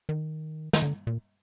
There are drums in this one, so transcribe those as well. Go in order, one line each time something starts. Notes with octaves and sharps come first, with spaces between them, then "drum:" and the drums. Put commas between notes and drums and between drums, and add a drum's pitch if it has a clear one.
D#3
D#3, drum: snare
D3
A#2